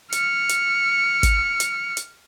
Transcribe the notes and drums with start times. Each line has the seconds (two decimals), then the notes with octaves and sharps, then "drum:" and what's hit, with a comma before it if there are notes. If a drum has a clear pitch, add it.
0.12 F6 C#7, drum: hi-hat
0.49 drum: hi-hat
1.23 drum: kick, hi-hat
1.60 drum: hi-hat
1.97 drum: hi-hat